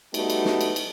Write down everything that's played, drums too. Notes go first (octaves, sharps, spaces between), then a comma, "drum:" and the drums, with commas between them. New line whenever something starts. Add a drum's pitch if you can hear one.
G3 A3 B3 D#4 F#4 A4, drum: cymbal
drum: cymbal
drum: snare
drum: cymbal
drum: cymbal